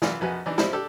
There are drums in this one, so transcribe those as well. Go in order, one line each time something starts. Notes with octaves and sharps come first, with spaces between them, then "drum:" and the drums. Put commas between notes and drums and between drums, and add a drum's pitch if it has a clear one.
F#2 E3 F4, drum: snare
A#1 F2 F#4 B4 G#5
E3 D4 D#4
F3 G3 C4 E4 D#5, drum: snare
D4 G4 A4